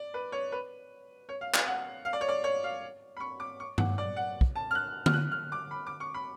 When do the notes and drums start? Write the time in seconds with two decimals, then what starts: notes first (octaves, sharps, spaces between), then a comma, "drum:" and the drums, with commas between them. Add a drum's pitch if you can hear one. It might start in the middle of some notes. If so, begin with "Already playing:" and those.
Already playing: D5
0.14 B4
0.32 C#5
0.52 B4
1.29 C#5
1.41 F5
1.54 F5, drum: clap
1.67 F#5
2.05 F5
2.13 D5
2.21 C#5
2.28 D5
2.44 C#5
2.64 F5
3.17 B5
3.20 C#6
3.40 D6
3.60 C#6
3.78 F#5, drum: tom G2
3.98 D5
4.16 F#5
4.41 drum: kick
4.55 A5
4.71 F6
4.75 F#6
5.06 F6, drum: tom D3
5.14 F#6
5.32 F6
5.52 D6
5.71 B5
5.87 D6
6.00 C#6
6.14 B5